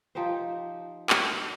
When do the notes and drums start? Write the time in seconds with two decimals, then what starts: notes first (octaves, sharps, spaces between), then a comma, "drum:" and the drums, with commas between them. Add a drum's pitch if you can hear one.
0.15 F3 D#4 G4 C5
1.10 drum: clap